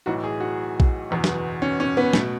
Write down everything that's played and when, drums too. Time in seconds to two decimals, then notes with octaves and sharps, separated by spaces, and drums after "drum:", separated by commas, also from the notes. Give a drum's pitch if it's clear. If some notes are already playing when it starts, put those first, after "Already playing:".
0.06 B1 A2 E3 F#4
0.24 G#4
0.40 F#4
0.80 drum: kick A#1
1.10 F#1 E2 B2
1.24 drum: snare
1.62 C#4
1.80 C#4
1.97 B3
2.13 B2 A3, drum: snare